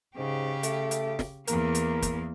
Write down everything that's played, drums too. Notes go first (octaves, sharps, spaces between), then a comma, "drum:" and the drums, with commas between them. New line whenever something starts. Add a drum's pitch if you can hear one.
G#2 C#3 G4
A3, drum: hi-hat
drum: hi-hat
drum: snare
E2 A#3 A#4, drum: hi-hat
drum: hi-hat
drum: kick, hi-hat